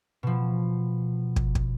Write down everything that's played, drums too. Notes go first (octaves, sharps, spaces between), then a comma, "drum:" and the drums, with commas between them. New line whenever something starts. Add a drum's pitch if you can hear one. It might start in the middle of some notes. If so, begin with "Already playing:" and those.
B2 F3
drum: kick
drum: kick